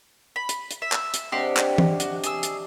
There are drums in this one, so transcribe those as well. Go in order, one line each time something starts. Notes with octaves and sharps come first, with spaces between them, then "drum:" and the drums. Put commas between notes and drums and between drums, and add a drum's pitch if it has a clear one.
B5
drum: hi-hat
drum: hi-hat
E5
drum: clap
drum: hi-hat
C3 D4 F#4 G4 D#5 C6
drum: clap
drum: tom E3
F#4, drum: hi-hat
G#4 E6, drum: hi-hat
drum: hi-hat